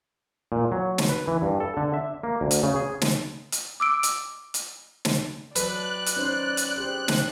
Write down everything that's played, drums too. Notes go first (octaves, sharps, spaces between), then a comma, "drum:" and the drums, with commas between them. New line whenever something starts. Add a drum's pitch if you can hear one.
A#2
F#3
drum: snare
B4
E3
G2
A4
D3
E5
A#3
D2
drum: hi-hat
C#3
G#4
drum: snare
drum: hi-hat
D6 E6 D7
drum: hi-hat
drum: hi-hat
drum: snare
F#3 A4 B4 D5 F#6, drum: hi-hat
drum: hi-hat
C#4 D#4 C5
drum: hi-hat
G4 G#4 C5
drum: snare